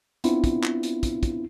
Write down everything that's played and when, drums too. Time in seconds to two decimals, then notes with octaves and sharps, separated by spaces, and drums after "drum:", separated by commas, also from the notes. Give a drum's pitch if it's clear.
0.24 B3 C4 D4 E4 F4, drum: hi-hat
0.44 drum: kick, hi-hat
0.63 drum: clap
0.83 drum: hi-hat
1.03 drum: kick, hi-hat
1.23 drum: kick, hi-hat